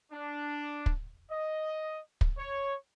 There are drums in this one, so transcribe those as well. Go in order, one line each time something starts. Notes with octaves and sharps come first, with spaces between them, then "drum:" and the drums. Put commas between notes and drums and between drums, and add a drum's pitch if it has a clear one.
D4
drum: kick
D#5
drum: kick
C#5